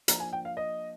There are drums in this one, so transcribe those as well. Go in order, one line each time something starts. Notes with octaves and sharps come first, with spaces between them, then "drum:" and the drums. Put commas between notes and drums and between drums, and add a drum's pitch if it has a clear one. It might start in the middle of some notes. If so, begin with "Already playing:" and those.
F3 A#3 D4 A#5, drum: hi-hat
G#5
G5
F5
D#5